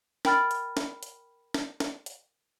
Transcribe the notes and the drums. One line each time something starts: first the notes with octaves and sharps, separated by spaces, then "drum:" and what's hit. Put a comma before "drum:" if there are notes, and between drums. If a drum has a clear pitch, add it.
A#4 G5 B5 F6 A6, drum: snare
drum: hi-hat
drum: snare
drum: hi-hat
drum: snare
drum: snare
drum: hi-hat